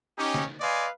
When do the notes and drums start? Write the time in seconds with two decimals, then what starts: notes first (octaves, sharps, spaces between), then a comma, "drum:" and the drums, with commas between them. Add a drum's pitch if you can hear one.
0.17 C#4 D#4 G4
0.34 drum: snare
0.60 B4 D5 D#5 F5 G#5 C6